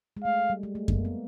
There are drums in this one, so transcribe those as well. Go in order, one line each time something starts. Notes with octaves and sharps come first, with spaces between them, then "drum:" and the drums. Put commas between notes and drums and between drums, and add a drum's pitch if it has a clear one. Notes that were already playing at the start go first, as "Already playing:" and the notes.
G#3
A3 F5
G3
G#3
A3
A#3, drum: kick F#2
B3